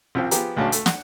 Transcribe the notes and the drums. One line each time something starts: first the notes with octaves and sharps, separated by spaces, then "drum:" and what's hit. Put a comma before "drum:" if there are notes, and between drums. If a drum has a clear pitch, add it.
C2 C3 F3 C5 G5
F3 B3 G4 G#4 A#5, drum: hi-hat
C#2 A2 C#3 F#3 D4 A5
A3, drum: hi-hat
F#5, drum: snare